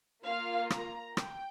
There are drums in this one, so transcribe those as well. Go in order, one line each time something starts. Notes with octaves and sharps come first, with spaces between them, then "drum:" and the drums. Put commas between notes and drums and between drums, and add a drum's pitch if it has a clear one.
A#3 F4 F5
A#5, drum: rim click
G5, drum: rim click